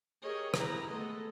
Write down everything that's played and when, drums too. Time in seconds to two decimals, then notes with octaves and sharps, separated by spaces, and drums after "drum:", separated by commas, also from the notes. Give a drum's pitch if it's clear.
0.24 G4 G#4 A#4 C#5 D#5
0.54 G3 E4 G4 B4 A#5, drum: rim click
0.90 G#3 A3 B3 A4 D#5